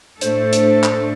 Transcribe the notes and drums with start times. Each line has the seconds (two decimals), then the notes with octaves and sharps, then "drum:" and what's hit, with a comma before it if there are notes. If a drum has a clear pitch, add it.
0.21 A2 A3 D4 A4 C5, drum: hi-hat
0.53 drum: hi-hat
0.84 C5, drum: clap